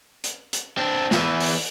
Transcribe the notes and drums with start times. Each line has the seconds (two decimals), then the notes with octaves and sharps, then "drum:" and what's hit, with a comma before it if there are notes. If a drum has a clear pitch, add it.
0.24 drum: hi-hat
0.53 drum: hi-hat
0.77 C4 D4
1.11 E2 E3, drum: snare
1.40 drum: open hi-hat